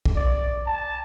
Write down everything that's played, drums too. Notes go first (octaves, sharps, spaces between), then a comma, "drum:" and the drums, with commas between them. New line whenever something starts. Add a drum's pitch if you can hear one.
drum: kick B1
D5
A5